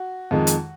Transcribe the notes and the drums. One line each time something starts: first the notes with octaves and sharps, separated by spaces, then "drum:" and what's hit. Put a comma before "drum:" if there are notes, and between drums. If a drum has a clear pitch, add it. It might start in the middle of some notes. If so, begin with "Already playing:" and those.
Already playing: F#4
F2 D#3 G#3
drum: hi-hat